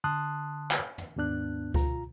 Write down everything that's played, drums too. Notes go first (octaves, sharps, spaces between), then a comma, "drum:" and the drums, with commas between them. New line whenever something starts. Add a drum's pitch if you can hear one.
D3 A5 C6 D#6 F#6
drum: clap
drum: tom
D#2 G#2 B3 D4 F#6
F4 A#5, drum: kick C#2